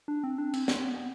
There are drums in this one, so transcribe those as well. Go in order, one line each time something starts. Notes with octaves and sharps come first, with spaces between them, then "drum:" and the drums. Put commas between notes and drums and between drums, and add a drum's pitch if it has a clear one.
D4
C4
D4
C4, drum: cymbal
C4, drum: snare
B3